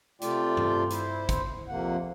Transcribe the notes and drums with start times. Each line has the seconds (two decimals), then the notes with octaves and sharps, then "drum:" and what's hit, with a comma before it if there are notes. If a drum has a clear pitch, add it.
0.21 C3 A3 F4 D5 G5, drum: hi-hat
0.57 drum: tom G2
0.90 E4 C5, drum: hi-hat
1.29 drum: kick, hi-hat
1.69 F2 C3 A#3 F#5